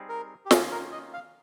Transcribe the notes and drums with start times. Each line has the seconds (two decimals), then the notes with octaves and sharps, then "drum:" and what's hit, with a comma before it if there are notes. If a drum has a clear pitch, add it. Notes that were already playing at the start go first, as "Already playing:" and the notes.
Already playing: G3 C4 D#4 G#4
0.09 A#4
0.46 G4
0.51 D#3 A#3 C#4 F4 G#4, drum: snare
0.71 A#4
0.92 D#5
1.13 F5